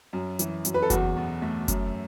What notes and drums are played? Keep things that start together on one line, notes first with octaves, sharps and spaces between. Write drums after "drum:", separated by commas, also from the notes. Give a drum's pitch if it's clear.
F#2
E3, drum: hi-hat
F#2, drum: hi-hat
B4
A4
E2 F#4, drum: kick F#1, hi-hat
B2
A3
F#2, drum: kick F#1, hi-hat